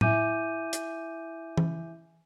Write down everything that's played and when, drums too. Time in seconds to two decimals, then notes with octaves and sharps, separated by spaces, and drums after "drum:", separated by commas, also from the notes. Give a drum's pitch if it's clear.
0.01 E4 E5 G#5 D6 G6 D#7, drum: tom A2
0.73 drum: hi-hat
1.57 drum: tom E3